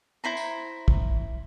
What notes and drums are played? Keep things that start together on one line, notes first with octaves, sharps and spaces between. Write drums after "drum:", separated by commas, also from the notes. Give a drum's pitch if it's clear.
E4 C5 A#5
drum: tambourine
drum: kick